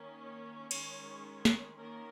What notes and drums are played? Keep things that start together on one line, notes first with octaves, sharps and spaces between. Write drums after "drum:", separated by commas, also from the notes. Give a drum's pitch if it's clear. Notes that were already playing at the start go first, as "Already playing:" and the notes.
Already playing: D#3 A#3 C#4
C#5
D#3 G#3 C#4, drum: cymbal
drum: snare
D#3 A#3 C#4 A#4